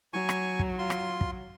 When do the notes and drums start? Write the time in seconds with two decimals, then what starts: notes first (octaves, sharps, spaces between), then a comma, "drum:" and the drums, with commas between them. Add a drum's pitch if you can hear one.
0.13 F#3 G#5 C#6
0.29 drum: rim click
0.59 drum: kick
0.79 F4 C6
0.90 drum: rim click
1.21 drum: kick